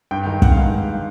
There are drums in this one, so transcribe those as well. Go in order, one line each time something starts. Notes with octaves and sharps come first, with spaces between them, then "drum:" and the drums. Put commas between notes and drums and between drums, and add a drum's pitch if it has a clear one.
G2 G5
D#3 G#3 G5
G2 F#5, drum: kick
F5
D#3 G#3